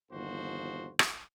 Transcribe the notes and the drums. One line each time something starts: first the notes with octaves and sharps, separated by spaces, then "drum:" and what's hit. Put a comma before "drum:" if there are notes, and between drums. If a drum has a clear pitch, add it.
G1 D#2 F3 F#4 C5
drum: rim click